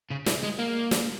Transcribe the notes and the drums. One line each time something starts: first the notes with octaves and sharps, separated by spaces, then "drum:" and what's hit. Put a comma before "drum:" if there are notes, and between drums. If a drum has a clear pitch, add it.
C#3
E3, drum: snare
G#3
A#3
drum: snare